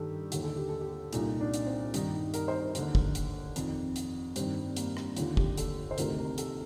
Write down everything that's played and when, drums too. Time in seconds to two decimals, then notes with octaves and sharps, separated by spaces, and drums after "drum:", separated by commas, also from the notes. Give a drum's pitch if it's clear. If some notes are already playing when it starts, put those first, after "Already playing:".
Already playing: G2 D#3 G4 A4
0.32 D#2 D3 G4, drum: hi-hat
0.44 A4
0.56 G4
0.69 A4
0.81 G4
1.13 C2 A#2 D#4, drum: hi-hat
1.41 D4
1.54 drum: hi-hat
1.67 C4
1.94 G2 D#3 D#4, drum: hi-hat
2.34 A#4, drum: hi-hat
2.48 C5
2.62 A#4
2.75 D#2 D3, drum: hi-hat
2.95 drum: kick
3.15 drum: hi-hat
3.56 F2 D#3, drum: hi-hat
3.96 drum: hi-hat
4.36 G2 D#3 C4, drum: hi-hat
4.76 A#3, drum: hi-hat
4.97 drum: rim click
5.17 D#2 D3 F4, drum: hi-hat
5.37 G4, drum: kick
5.58 A4, drum: hi-hat
5.91 C5
5.98 D2 C3 D#3 A#4, drum: hi-hat
6.18 A#4
6.38 A4, drum: hi-hat